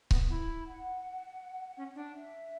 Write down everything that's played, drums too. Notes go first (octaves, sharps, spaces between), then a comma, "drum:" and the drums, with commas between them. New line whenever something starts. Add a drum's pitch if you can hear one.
B3, drum: kick C#1
E4
F#5
C#4
D4
E5